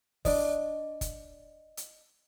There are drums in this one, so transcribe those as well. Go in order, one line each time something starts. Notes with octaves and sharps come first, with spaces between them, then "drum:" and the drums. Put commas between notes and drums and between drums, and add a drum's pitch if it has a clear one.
D4 D5 D#5, drum: kick F#1, open hi-hat
drum: kick F#1, hi-hat
drum: hi-hat